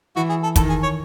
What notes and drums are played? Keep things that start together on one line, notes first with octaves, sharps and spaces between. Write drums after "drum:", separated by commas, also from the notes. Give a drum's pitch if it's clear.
E3 F#4
G#4
A4
D#3 A4, drum: kick, hi-hat
G#4
C#5